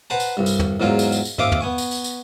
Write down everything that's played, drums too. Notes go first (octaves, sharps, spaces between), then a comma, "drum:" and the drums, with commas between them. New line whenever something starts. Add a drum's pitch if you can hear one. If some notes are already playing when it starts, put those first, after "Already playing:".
B4 C5 F#5 A5 A#5
drum: tambourine
C2 G2
drum: tambourine
drum: tom
E2 G#2 F#3 F4 A#4 G#5
drum: tambourine
drum: tambourine
drum: tambourine
D#2 C4 E5 F5 D6 D#6, drum: tom
drum: tom
B3 G#5 C#6
drum: tambourine
drum: tambourine
drum: tambourine